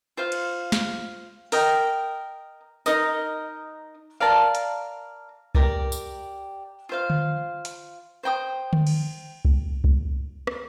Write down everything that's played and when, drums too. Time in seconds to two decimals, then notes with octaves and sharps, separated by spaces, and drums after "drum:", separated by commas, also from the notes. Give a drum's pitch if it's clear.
0.17 F4 C5 F5
0.32 drum: cymbal
0.72 drum: snare
1.52 A#4 D#5 G5, drum: open hi-hat
2.86 D#4 A#4 D#5, drum: tambourine
4.20 A#4 D5 F5 A5
4.55 drum: hi-hat
5.55 G4 A#4 D5, drum: kick C2
5.92 drum: tambourine
6.89 F4 C5 F5
7.10 drum: tom D3
7.65 drum: hi-hat
8.23 C5 G5 C6 D#6
8.73 drum: tom D3
8.87 drum: cymbal
9.45 drum: kick C2
9.84 drum: kick C2
10.47 drum: rim click